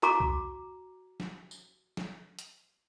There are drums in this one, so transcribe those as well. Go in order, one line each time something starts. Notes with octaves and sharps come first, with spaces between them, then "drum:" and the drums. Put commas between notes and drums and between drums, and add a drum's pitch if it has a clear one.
F#4 A#5 D6, drum: clap
drum: kick C2
drum: snare
drum: tambourine
drum: snare
drum: hi-hat